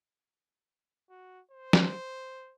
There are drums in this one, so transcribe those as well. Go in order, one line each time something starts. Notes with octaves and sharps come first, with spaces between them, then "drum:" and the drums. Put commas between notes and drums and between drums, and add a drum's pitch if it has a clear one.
F#4
C5
drum: snare